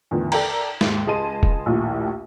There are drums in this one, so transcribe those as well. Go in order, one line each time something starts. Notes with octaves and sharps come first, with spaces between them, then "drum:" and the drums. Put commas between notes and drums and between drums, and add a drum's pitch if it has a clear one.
E2 A2 D3 D#3 F3
A4 A#4 D5 G5 A#5, drum: cymbal
D#2 G#2, drum: snare
C#2 G#4 D#5 A5 C6 D#7
drum: kick E1
A#1 D#2 A2 F3